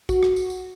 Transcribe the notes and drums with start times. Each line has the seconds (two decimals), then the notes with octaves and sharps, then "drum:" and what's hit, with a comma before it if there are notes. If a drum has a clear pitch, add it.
0.09 F#4, drum: kick, tambourine
0.23 drum: rim click
0.36 drum: tambourine
0.50 drum: tambourine